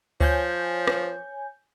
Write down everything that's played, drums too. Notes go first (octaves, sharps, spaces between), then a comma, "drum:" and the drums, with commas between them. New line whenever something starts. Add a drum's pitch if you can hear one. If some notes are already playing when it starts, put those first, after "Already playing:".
F3 C#5 G#5 G6, drum: kick D2
drum: rim click